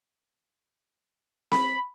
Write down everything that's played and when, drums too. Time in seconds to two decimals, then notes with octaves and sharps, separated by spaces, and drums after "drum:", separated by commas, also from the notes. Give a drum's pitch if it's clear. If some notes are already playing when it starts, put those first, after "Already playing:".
1.52 B5, drum: snare C4